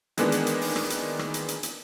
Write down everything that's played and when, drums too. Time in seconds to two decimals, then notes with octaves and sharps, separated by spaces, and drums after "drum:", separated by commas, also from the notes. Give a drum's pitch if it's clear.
0.17 D#3 E3 G#3 A#3 B3 D4, drum: hi-hat
0.32 drum: hi-hat
0.47 drum: hi-hat
0.61 drum: open hi-hat
0.76 drum: rim click
0.90 drum: hi-hat
1.19 drum: rim click
1.34 drum: hi-hat
1.48 drum: hi-hat
1.63 drum: hi-hat